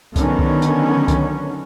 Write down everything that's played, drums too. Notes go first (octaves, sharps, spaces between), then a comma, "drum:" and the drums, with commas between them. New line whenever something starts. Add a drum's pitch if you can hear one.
D3 D#3 F#3 B3 C#4, drum: kick C2, hi-hat
drum: kick C2
drum: hi-hat
drum: kick C2, hi-hat